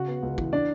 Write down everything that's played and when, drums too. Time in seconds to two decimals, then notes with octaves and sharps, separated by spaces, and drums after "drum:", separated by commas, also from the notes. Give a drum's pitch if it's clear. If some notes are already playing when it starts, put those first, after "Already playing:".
Already playing: C#3 F#4 F#5
0.08 B3
0.23 C#2
0.38 E3, drum: kick
0.53 D4 D5